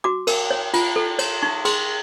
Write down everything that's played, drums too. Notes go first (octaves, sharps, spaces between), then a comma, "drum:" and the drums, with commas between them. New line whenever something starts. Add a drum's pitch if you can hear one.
F#4 D6
A#4, drum: cymbal
C#5
F4, drum: cymbal
A4
C#5, drum: cymbal
D#4 C#6
G#4 C6, drum: cymbal